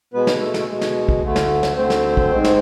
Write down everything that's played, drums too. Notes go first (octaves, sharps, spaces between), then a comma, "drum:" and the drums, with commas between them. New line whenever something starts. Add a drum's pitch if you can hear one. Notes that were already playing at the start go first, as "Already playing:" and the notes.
B2 G#3 B3 B4
drum: snare
A3 A4
drum: snare
B2 G#3
drum: snare
drum: kick
D2 D3 A3
drum: snare
drum: snare
D2 D3 A3 C4 C5
drum: snare
drum: kick
G#2 G#3
drum: snare